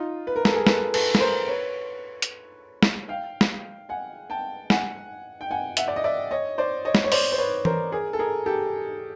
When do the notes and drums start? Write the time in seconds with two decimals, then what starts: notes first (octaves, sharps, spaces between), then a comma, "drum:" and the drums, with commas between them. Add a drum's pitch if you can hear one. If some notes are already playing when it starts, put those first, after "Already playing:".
Already playing: D#4 F4
0.27 B4
0.36 A#4
0.45 A4, drum: snare
0.54 G#4 A#4
0.67 A4 B4, drum: snare
0.94 A4 B4, drum: cymbal
1.15 B4, drum: snare
1.21 A#4 C5
1.48 B4 C#5
2.22 drum: hi-hat
2.83 drum: snare
3.08 F5 G5
3.41 drum: snare
3.89 F#5 G#5
4.30 G5 A5
4.70 F#5 G#5, drum: snare
5.41 G5
5.51 F#5 G#5
5.77 E5 F#5, drum: hi-hat
5.88 D5
5.96 D#5
6.04 D5 E5
6.31 C#5 D#5
6.58 C5 D5
6.85 C#5 D#5
6.95 drum: snare
7.04 C#5
7.12 C5 D5, drum: open hi-hat
7.32 C5
7.38 B4 C#5
7.65 A#4 C5, drum: tom E3
7.92 G#4 A#4
8.13 A4
8.19 G#4 A#4
8.46 G4 A4